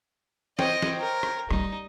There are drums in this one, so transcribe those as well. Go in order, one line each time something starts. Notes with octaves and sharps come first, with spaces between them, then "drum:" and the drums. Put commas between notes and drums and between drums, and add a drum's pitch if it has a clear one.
C5 C#5 D#5 G5, drum: snare
drum: snare
A#4
drum: rim click
G3 D#4, drum: rim click